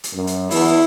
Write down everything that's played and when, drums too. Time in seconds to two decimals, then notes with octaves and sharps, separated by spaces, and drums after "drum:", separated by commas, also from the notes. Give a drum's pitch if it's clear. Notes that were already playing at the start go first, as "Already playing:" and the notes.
0.04 drum: hi-hat
0.13 F#2
0.27 drum: hi-hat
0.51 E2 E4, drum: open hi-hat